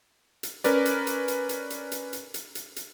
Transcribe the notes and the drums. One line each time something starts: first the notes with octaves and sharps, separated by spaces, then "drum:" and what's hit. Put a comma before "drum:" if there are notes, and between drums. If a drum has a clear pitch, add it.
drum: hi-hat
C#4 A#4 B4 D5, drum: hi-hat
drum: hi-hat
drum: hi-hat
drum: hi-hat
drum: hi-hat
drum: hi-hat
drum: hi-hat
drum: hi-hat
drum: hi-hat
drum: hi-hat
drum: hi-hat